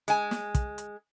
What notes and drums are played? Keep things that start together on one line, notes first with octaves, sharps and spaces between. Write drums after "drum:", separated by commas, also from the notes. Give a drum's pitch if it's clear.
G#3 G#5, drum: hi-hat
drum: snare
drum: kick, hi-hat
drum: hi-hat